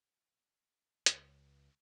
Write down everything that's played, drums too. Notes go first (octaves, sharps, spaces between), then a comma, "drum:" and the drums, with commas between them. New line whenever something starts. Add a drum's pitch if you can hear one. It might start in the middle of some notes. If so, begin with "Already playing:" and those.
C#2, drum: hi-hat